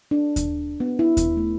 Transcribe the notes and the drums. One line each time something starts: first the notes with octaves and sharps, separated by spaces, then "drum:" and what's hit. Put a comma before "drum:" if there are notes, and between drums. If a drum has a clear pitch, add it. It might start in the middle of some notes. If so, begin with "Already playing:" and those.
D4
drum: kick D#2, hi-hat
B3
E4
drum: kick D#2, hi-hat
A3